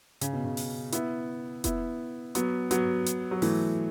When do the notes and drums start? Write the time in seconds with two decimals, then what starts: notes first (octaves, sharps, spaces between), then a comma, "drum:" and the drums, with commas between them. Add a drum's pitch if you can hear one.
0.21 C#3, drum: hi-hat
0.33 B2
0.45 C#3
0.57 drum: open hi-hat
0.92 B3 E4, drum: hi-hat
1.64 B3 E4, drum: kick F1, hi-hat
2.35 F#3 B3, drum: hi-hat
2.71 F#3 B3, drum: hi-hat
3.06 drum: hi-hat
3.31 F#3
3.42 E3 A3, drum: open hi-hat